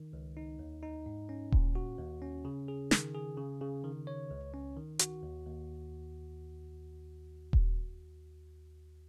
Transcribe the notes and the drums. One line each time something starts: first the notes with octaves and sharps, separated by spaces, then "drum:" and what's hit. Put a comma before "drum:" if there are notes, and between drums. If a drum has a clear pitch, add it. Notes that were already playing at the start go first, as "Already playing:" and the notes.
Already playing: D#3
C#2
D#4
D#2
D#4
G#2
C#4
A#2, drum: kick D#1
F#4
D#2
C#4
C#3
G#4
D#3, drum: snare
G#4
C#3
C#3
D#3
C#5
C#2
C#4
D#3
F#4, drum: hi-hat
D#2
D#2
drum: kick D#1